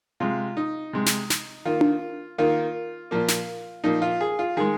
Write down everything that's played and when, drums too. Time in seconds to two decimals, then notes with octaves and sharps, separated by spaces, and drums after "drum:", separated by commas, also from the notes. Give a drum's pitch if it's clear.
0.20 C3 G#3 F4
0.57 D#4
0.93 C3 G#3
1.06 drum: snare
1.30 drum: snare
1.65 D#3 A#3 F4
1.81 drum: tom D4
2.38 D#3 A#3 F4
3.11 A#2 F3 A#3
3.28 drum: snare
3.84 A#2 F3 A#3 D#4
4.02 F4
4.21 G#4
4.39 F4
4.57 D#3 G#3 G#4